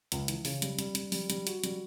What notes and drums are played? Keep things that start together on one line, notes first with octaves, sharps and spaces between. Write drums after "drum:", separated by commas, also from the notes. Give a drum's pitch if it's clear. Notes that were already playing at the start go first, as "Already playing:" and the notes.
C#2, drum: hi-hat
E3, drum: hi-hat
C#3, drum: open hi-hat
G3, drum: hi-hat
G3, drum: hi-hat
G3, drum: hi-hat
G3, drum: open hi-hat
G3, drum: hi-hat
F#4, drum: hi-hat
G3, drum: hi-hat